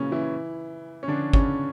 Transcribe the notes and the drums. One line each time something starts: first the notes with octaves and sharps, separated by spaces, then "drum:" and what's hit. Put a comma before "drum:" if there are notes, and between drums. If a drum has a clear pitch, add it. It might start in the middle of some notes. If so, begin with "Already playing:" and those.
Already playing: A#2 C#3 E3 F#3 A#3 C#4
E3 E4
C#4
D3 D4
C#3 C#4, drum: kick